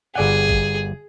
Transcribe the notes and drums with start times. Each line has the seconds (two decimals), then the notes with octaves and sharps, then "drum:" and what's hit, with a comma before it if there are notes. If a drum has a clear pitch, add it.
0.15 G1 G#4 D5 F#5
0.49 drum: kick G#1